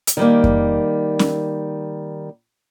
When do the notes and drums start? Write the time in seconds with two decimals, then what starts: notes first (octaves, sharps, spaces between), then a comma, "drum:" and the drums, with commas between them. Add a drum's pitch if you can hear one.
0.07 drum: hi-hat
0.17 D#3 G3 A#3
0.44 drum: kick F2
1.19 drum: snare C#4